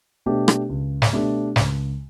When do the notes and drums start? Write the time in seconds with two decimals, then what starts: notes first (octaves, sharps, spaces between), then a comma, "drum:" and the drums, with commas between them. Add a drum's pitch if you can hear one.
0.26 B2 A3 D4 G4
0.48 drum: rim click
0.69 C#2
1.02 drum: snare
1.13 B2 A3 D4 G4
1.56 C#2, drum: snare